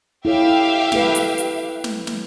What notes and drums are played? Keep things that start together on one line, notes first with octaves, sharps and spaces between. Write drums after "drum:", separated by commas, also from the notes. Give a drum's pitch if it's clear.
E4 G4 A4 C#5 E5 F5
E4 A4 B4, drum: snare
drum: hi-hat
drum: hi-hat
drum: snare
drum: snare